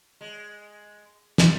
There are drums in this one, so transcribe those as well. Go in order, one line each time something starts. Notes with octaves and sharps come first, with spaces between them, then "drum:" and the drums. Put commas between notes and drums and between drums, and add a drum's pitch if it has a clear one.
G#3
G3, drum: snare